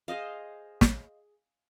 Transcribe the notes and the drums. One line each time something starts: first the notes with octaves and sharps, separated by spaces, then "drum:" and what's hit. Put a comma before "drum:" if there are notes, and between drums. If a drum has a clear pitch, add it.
G#4 C5 D#5 F5
drum: snare